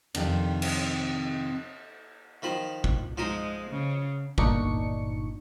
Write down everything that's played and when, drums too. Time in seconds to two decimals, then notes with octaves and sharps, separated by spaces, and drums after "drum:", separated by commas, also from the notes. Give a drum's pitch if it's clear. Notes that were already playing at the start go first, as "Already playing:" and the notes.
0.14 F2 C3 D#3 D4, drum: cymbal
0.62 drum: cymbal
2.42 D#3 F3 B5
2.84 drum: kick A1
3.18 F3 G#3 D#4 D#6
3.70 C#3
4.38 G1 A#2 D4 D#4 C#6 C#7, drum: kick A1